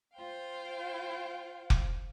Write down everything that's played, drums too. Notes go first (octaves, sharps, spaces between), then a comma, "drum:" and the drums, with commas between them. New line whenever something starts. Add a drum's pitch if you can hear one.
F4 C5 F5 G5
drum: kick F1